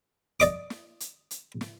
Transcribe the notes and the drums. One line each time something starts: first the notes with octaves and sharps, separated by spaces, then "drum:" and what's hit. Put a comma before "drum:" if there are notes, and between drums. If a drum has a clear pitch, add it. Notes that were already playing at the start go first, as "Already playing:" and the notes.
D5 D#5 D6, drum: hi-hat
drum: snare
drum: hi-hat
drum: hi-hat
drum: snare